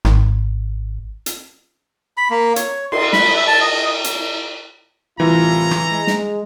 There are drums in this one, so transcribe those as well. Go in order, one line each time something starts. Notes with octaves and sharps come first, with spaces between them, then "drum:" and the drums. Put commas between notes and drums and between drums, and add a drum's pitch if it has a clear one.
G#1, drum: rim click
drum: hi-hat
B5
A#3
C#5, drum: hi-hat
C6, drum: cymbal
B5, drum: snare
E5
A5
D#5
drum: hi-hat
C2 A2 E3 F4 A#5
drum: rim click
G#3
drum: snare